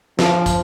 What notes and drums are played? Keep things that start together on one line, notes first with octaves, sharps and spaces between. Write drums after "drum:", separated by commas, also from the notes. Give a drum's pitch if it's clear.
F3, drum: snare
drum: kick, hi-hat